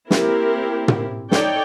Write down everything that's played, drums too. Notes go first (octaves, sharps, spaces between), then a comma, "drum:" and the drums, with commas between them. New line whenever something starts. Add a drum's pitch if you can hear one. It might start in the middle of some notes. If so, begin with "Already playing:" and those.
A#3 C4 E4 G4 A#4, drum: snare
drum: tom
D#4 A4 C#5 D5 G5, drum: snare